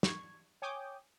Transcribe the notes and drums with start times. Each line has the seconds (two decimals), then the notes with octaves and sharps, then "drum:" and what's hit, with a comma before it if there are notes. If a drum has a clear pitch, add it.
0.03 C#6 G#6, drum: snare
0.62 C#5 G5 G#5 D6 D#6 G6